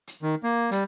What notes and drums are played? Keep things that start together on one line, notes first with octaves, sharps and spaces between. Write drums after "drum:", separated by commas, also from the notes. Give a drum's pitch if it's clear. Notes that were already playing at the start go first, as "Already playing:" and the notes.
drum: hi-hat
D#3
A#3
G3, drum: hi-hat